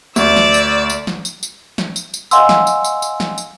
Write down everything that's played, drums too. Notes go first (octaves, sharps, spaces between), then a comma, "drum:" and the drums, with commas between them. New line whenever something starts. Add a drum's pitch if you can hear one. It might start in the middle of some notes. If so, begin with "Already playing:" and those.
D2 D5 E6, drum: tambourine
drum: snare
drum: tambourine
drum: tambourine
drum: snare
drum: tambourine
drum: tambourine
drum: snare
drum: tambourine
drum: tambourine
D#5 F5 F#5 G#5 C6 E6, drum: tambourine
drum: snare
drum: tambourine
drum: tambourine
drum: tambourine
drum: snare
drum: tambourine